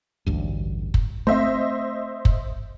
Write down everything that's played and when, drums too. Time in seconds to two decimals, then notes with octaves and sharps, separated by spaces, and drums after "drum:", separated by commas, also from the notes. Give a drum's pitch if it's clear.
0.26 A1 D2 G2
0.94 drum: kick
1.27 A3 C4 C5 D#5 E5
2.25 drum: kick